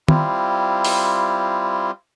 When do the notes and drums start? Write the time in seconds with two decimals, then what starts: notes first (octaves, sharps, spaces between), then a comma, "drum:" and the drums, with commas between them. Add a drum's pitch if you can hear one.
0.08 G3 C4 E4 F4, drum: tom D#3
0.85 drum: open hi-hat